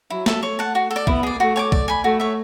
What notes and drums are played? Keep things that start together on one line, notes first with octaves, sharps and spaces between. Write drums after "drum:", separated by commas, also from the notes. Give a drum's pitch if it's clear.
F#3 E4
A4 E5 A5, drum: snare
A3 C#5
F#5 A5
F#4
A4
D5
B3 E4, drum: kick
G#4 D5
A3 F#4
C#5 G#5 D6
D5, drum: kick
G#5 B5
A3 F#4
C#5 E5